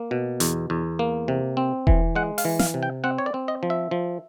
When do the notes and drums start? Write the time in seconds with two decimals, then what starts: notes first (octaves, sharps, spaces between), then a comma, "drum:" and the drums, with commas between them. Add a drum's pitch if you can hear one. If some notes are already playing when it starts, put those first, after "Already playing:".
Already playing: A#3
0.11 B2
0.40 E2, drum: hi-hat
0.70 E2
0.99 A#3
1.28 C3
1.57 C4
1.87 E3, drum: kick E1
2.15 G#3 F#5
2.38 F5, drum: open hi-hat
2.45 E3
2.59 F5, drum: snare
2.74 C3
2.83 G5
3.04 C4 F#5
3.18 C#5
3.26 D5
3.34 C4
3.48 D#5
3.63 F3
3.70 E5
3.91 F3